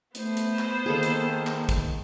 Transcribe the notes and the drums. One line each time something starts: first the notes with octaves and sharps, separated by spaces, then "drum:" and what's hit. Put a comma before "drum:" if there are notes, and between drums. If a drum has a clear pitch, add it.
A3 B3 C5, drum: hi-hat
drum: hi-hat
drum: clap
D#3 A#3 G#4 A4 F5
drum: hi-hat
drum: clap
drum: kick, hi-hat